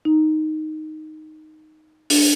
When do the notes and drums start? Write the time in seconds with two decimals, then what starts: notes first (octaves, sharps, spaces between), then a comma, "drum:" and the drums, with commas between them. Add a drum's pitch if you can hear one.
0.05 D#4
2.10 D4, drum: open hi-hat